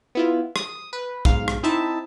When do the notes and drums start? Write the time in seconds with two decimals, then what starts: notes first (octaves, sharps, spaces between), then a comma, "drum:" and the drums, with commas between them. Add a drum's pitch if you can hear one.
0.15 B3 E4 F4
0.56 D#6, drum: rim click
0.93 B4
1.25 B1 G#2 F5, drum: kick B1
1.48 drum: rim click
1.63 C4 D#4 E4 E5 A5